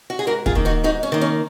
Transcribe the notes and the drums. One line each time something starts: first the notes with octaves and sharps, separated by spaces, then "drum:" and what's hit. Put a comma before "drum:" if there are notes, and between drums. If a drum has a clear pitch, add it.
F#4
G#4
G#2 F#4 A#4
F4 G#4, drum: kick
D#3 A#3
D#4 F#4
G#2 D#4 F#4
C#4
D#3 A#3
C#4